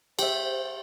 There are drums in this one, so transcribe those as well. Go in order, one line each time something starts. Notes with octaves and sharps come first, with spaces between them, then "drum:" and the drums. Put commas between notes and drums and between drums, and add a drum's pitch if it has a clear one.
G4 C5 E5, drum: cymbal